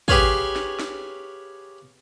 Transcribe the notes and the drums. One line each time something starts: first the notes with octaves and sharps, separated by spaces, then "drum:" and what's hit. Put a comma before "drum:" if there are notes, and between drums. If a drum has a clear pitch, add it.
G4 G#4 B4 C#5 F5 G#5, drum: kick
drum: snare
drum: snare